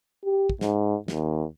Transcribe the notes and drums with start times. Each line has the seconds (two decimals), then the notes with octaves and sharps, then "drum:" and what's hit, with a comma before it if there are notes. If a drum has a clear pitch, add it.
0.25 G4
0.49 drum: kick
0.61 G#2, drum: snare
1.08 D#2, drum: snare